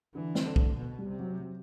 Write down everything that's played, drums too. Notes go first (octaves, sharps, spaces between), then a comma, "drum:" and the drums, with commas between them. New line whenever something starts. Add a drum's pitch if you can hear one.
D3 E3
C4, drum: snare
D3
A3, drum: kick
B2
G3
C3
F#3
F#3